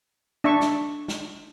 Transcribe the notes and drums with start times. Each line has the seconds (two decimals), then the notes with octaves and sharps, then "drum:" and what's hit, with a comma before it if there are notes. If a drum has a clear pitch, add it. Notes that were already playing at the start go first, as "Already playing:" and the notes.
0.44 D4 E5 C#6
0.60 drum: snare
1.08 drum: snare